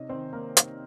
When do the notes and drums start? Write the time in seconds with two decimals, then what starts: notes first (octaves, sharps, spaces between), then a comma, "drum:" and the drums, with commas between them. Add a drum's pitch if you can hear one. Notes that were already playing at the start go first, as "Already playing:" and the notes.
Already playing: C3 C#4 D#4 D#5
0.09 D#3 C4 C5
0.33 A#3 A#4
0.57 C3, drum: hi-hat